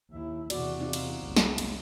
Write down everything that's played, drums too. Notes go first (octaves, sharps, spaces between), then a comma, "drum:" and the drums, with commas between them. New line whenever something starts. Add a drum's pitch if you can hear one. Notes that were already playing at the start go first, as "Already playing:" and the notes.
D#2 E4
E2 C3 F#4 D5, drum: cymbal
C4 D#4 F4
drum: cymbal
F#1 C2
drum: snare
drum: cymbal